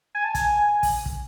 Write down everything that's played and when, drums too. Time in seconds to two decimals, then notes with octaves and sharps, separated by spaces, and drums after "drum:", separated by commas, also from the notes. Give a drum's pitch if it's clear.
0.15 G#5
0.24 A5
0.35 G#5, drum: kick, hi-hat
0.83 drum: kick, open hi-hat
1.06 drum: kick